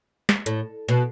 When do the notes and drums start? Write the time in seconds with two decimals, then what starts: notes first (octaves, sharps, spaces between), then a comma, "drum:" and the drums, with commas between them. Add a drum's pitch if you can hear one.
0.29 drum: snare
0.46 A2, drum: hi-hat
0.89 B2